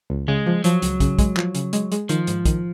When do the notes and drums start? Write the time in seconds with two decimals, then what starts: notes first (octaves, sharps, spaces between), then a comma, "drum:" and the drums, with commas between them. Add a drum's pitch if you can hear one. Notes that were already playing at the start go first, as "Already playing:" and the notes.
0.10 C#2
0.28 C#3 G#3
0.46 F3
0.64 F3 F#3, drum: hi-hat
0.82 C#2, drum: hi-hat
1.00 C#3, drum: kick, hi-hat
1.19 G#3, drum: kick, hi-hat
1.37 F3, drum: clap
1.55 C#3, drum: hi-hat
1.73 G#3, drum: hi-hat
1.92 G#3, drum: hi-hat
2.09 D#3 F3, drum: hi-hat
2.27 G#2, drum: hi-hat
2.45 D#3, drum: kick, hi-hat